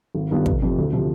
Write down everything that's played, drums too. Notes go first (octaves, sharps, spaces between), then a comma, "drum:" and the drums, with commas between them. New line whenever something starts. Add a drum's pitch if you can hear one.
G#1
G2 D#3 B3 F4
F1, drum: kick
F2 C3
D2
C3 F3